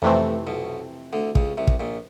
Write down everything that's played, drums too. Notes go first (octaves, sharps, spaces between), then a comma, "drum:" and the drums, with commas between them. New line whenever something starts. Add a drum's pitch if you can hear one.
A1 F2 A2 C3 E3 A3 C4
B1 B2
D2 D3
C#2 C#3, drum: kick
C2 C3
drum: kick
A#1 A#2